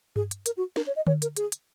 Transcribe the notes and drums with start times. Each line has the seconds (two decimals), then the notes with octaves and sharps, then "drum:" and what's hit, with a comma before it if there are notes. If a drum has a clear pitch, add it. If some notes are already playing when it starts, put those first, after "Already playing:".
0.16 G#4, drum: tom G2
0.31 drum: hi-hat
0.46 A#4, drum: hi-hat
0.57 F#4
0.76 A#4, drum: snare
0.87 C#5
0.96 D#5
1.07 C#5, drum: tom D3
1.22 A#4, drum: hi-hat
1.36 G#4, drum: hi-hat
1.52 drum: hi-hat